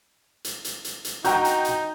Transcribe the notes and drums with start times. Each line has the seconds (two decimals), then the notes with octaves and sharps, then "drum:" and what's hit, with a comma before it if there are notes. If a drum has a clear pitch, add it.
0.44 drum: hi-hat
0.65 drum: hi-hat
0.85 drum: hi-hat
1.05 drum: hi-hat
1.25 D#4 F#4 G5 A#5 G6, drum: hi-hat
1.45 drum: hi-hat
1.65 drum: hi-hat